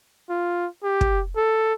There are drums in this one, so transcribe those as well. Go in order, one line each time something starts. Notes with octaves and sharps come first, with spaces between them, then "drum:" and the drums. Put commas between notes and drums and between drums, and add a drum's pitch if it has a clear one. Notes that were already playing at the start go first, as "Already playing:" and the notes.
F4
G4
drum: kick
A4